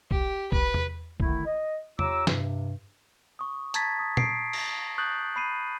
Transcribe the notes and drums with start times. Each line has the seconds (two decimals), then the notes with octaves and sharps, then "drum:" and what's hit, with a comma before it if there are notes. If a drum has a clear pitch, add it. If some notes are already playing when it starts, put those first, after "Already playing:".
0.11 G4, drum: kick
0.52 B4, drum: kick
0.74 drum: tom E2
1.20 D3 D#3 A3 E4, drum: kick
1.46 D#5
1.99 F4 G4 C#5 A#5 D6 E6, drum: tom E2
2.27 G2 C3, drum: snare
3.39 C#6 D#6
3.74 A5 A#5 G#6 A6 B6, drum: hi-hat
3.99 D#6
4.17 C7 D7, drum: tom A#2
4.53 drum: cymbal
4.98 C#6 D#6 F#6 G6 A6 F#7
5.36 B5 C7 D#7